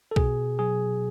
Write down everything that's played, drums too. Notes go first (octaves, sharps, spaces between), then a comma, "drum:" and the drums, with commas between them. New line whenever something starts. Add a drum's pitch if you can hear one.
A4
B2 G#4, drum: kick B1
F#3 G#4